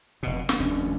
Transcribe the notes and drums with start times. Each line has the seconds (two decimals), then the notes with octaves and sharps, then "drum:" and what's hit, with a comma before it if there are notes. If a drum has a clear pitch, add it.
0.23 F1 B2
0.49 B3 C4, drum: snare
0.60 F1 D#2 C#4 D4